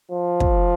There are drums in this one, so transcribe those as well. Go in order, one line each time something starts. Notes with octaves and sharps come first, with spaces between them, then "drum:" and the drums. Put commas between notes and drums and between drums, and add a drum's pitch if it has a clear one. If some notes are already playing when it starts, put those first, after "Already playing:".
F3
drum: kick